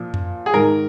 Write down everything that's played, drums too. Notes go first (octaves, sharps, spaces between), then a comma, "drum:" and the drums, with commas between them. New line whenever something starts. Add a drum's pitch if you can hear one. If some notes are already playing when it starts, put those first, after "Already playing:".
Already playing: A#2 F3
drum: tom F2
G#4
G#2 D#3 A#4